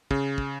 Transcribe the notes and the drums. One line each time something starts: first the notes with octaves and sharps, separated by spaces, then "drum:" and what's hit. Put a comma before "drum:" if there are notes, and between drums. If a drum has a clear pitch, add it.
C#3, drum: kick
drum: kick